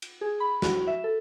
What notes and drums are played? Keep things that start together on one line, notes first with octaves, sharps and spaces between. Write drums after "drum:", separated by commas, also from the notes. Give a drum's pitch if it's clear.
drum: cymbal
G#4
B5
F#4, drum: snare
E5
A4